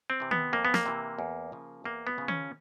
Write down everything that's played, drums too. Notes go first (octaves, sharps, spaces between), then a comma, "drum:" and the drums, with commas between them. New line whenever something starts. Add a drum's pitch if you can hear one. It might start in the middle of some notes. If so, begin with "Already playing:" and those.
C4
C3 E3
B3, drum: tom D#3
F2 A#3
B3
A#3, drum: snare
C3 E3
E2
C#3 F3
E2 A#3
B3
C#3 F3
C#4, drum: tom D#3